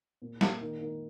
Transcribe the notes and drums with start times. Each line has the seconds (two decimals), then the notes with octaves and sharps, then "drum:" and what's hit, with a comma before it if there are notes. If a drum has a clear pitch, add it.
0.22 A#2
0.41 A#2, drum: snare
0.61 D#3
0.81 D#3